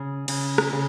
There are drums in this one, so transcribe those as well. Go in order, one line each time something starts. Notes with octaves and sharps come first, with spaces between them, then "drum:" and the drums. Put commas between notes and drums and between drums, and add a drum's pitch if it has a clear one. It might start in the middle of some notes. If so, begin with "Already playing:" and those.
Already playing: C#3
C#3, drum: cymbal
drum: rim click
C#3